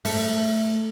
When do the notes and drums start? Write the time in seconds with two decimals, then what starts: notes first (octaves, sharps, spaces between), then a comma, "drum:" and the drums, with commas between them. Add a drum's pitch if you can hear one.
0.05 A3, drum: open hi-hat